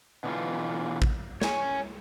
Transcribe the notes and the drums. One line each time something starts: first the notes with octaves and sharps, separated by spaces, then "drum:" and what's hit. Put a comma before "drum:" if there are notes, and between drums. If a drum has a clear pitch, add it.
B2 D3 E3 F4
drum: kick
C#5 G#5, drum: snare